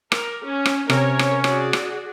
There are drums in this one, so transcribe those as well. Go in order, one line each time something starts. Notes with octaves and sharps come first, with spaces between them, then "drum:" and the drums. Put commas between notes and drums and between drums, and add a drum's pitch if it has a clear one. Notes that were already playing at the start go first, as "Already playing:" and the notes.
A#4 D6, drum: rim click
C#4
drum: rim click
C3 C#4 A#4 C#5, drum: rim click
drum: rim click
F#4 G#4 D5, drum: rim click
drum: rim click